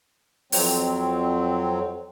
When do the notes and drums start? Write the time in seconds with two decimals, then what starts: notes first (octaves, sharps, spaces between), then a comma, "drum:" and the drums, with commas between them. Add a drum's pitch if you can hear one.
0.52 F2 F#3 C4, drum: open hi-hat